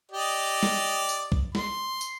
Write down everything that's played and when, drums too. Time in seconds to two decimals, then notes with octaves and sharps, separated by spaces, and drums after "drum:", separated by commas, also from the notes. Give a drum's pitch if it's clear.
0.12 G4 D5 D#5
0.63 drum: snare
1.09 drum: tambourine
1.32 drum: kick
1.55 C6, drum: snare
2.01 drum: tambourine